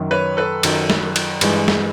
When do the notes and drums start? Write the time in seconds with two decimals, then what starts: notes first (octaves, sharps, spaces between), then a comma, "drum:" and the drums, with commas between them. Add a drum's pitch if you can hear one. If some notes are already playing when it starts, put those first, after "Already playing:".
Already playing: F#2 D#3 F#3
0.11 B4 C#5
0.37 A4 B4
0.63 F#2 D#3 F#3, drum: cymbal
0.90 drum: snare
1.16 drum: cymbal
1.41 G2 E3 G#3, drum: cymbal
1.68 drum: snare